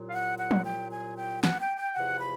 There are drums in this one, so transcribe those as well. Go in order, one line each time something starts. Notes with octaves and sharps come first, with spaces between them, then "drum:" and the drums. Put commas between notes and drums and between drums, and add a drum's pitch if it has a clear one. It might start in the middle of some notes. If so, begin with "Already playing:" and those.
Already playing: C2 A#2 F#3
F5
F#5
F#5
drum: tom
G5
G#5
G5
F#5, drum: snare
G5
G5
E2 C3 F3 F#5
B5